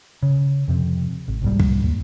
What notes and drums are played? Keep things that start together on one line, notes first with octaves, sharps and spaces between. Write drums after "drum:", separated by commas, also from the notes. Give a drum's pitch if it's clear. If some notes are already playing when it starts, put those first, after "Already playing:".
C#3
F2 C3
G#1
C2 G#2 G3
drum: kick
D#2